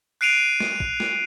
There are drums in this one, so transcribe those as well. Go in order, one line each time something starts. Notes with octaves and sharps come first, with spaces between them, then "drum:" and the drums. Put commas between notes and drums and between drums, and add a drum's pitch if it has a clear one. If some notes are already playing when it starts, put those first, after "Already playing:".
F#6 C7 D7 D#7 F7
drum: snare
drum: kick
drum: snare